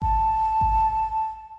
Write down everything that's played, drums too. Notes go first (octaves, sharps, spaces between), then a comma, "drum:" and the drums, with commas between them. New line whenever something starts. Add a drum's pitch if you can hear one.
A5, drum: kick G#1
drum: kick G#1